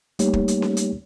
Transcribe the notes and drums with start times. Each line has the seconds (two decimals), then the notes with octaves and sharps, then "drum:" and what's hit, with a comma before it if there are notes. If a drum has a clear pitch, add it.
0.19 G3 A3 A#3 D#4 G4 C#5, drum: hi-hat
0.33 drum: kick
0.48 drum: hi-hat
0.62 drum: snare C#4
0.77 drum: hi-hat